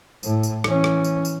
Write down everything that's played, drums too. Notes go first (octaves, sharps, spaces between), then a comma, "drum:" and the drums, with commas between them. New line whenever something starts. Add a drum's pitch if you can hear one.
A2, drum: tambourine
drum: tambourine
E3 C#4, drum: rim click
drum: rim click
drum: tambourine
drum: tambourine